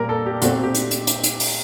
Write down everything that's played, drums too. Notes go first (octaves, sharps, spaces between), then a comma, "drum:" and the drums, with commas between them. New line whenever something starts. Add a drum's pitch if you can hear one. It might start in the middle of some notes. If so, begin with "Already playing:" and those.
Already playing: A#2 G3 A#3 A#4
A4
G4
A#2 A3 C4 F#4, drum: hi-hat
G4
drum: hi-hat
drum: hi-hat
drum: hi-hat
drum: hi-hat
drum: open hi-hat